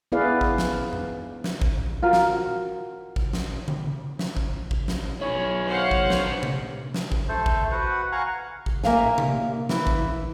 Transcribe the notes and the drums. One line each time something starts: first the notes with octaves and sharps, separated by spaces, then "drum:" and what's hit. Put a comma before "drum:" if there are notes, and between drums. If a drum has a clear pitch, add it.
B3 E4 G#4 B4 D5 F5
drum: kick G#1
drum: snare
drum: tom F2
drum: snare
drum: kick G#1
F4 F#4 A#4
drum: snare
drum: kick G#1
drum: snare
drum: tom C#3
drum: snare
drum: kick G#1
drum: kick G#1
drum: snare
B1 E4 G#4 C#5
C5 F5 F#5
drum: kick G#1
B3 D4, drum: snare
drum: tom C3
drum: snare
drum: kick G#1
A3 A4 C5
drum: kick G#1
F#4 B4 F#5
F5 F#5 G#5 A#5 C#6 F#6
drum: kick G#1
A#3 E5 F5 G#5, drum: snare
drum: tom C3
E3 E4, drum: snare
drum: kick G#1